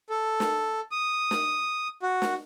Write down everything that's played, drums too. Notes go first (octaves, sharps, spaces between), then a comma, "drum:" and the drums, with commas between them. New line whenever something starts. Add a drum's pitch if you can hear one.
A4
drum: snare
D#6
drum: snare
F#4
drum: snare